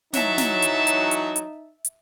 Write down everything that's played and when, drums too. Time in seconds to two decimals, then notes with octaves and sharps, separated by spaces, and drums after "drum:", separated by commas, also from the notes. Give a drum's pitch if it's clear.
0.13 E3 F#3 D#4 E5 A5, drum: snare
0.38 drum: snare
0.62 drum: hi-hat
0.87 drum: hi-hat
1.11 drum: hi-hat
1.36 drum: hi-hat
1.85 drum: hi-hat